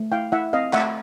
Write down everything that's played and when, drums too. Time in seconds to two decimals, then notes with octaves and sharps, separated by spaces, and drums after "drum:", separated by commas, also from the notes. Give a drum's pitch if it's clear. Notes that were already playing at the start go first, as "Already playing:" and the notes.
Already playing: A3
0.12 E4 F5 G5
0.32 E4 E5 F#5
0.53 C4 D#5 F5
0.73 A3 E5 F#5, drum: clap